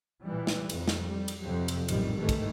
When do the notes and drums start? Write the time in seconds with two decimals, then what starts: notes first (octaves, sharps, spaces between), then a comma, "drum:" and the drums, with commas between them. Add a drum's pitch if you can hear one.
0.23 A#2 E3 G3
0.47 drum: snare
0.69 F2, drum: cymbal
0.88 drum: snare
1.02 G3
1.28 drum: cymbal
1.42 F2 C3 F3 F#3 C4
1.68 drum: cymbal
1.88 A#1 F#2 A2 D#3 G3, drum: cymbal
2.18 G#1 G2 D#3 E3 G3 A3
2.29 drum: kick, cymbal